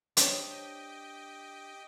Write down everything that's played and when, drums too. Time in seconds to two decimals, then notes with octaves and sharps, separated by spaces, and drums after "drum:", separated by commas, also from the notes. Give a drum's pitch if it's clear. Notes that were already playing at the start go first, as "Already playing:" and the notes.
0.17 D4 G4 C5 C#5 D#5 G5, drum: hi-hat